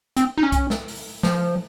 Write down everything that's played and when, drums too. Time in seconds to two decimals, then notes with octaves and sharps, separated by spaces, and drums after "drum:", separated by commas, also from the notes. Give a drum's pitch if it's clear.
0.17 C4, drum: hi-hat
0.38 D#4
0.43 C#4
0.52 drum: kick B1, hi-hat
0.70 drum: snare
0.88 drum: open hi-hat
1.23 F3, drum: snare